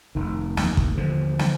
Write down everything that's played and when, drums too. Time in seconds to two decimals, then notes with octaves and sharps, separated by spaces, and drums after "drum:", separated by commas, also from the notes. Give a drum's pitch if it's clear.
0.15 F1 D#3
0.57 D#2, drum: snare
0.77 drum: kick
0.98 D3 F3
1.39 drum: snare